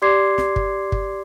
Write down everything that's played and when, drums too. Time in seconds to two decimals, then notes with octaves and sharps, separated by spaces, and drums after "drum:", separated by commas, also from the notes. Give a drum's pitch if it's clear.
0.02 G4 D5 C6 D6 G#6 C7
0.38 drum: snare
0.56 drum: kick
0.92 drum: kick